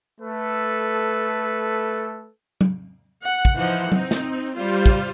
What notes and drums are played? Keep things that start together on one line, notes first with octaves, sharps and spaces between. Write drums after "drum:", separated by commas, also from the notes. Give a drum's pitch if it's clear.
A3 A4 B4
drum: tom F#3
F#5
drum: kick
E3 F3 D#4 C5 F#5
C4 D#4, drum: tom F#3
drum: snare
G3 F4 C5
drum: kick